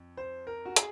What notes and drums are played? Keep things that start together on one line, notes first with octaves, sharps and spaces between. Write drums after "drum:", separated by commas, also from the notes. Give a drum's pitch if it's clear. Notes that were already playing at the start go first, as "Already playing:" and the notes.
Already playing: F2
C5
A#4
F#4
G#4, drum: hi-hat